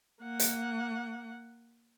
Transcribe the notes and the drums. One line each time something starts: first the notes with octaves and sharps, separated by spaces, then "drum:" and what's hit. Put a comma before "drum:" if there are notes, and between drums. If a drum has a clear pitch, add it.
A#3 F#5
drum: hi-hat